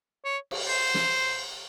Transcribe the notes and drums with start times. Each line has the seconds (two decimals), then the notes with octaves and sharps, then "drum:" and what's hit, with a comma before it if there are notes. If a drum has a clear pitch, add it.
0.25 C#5
0.51 drum: cymbal
0.67 C5
0.94 drum: snare